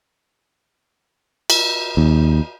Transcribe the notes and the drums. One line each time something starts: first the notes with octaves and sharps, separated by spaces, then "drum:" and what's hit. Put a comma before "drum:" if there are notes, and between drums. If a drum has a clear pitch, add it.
drum: cymbal
D#2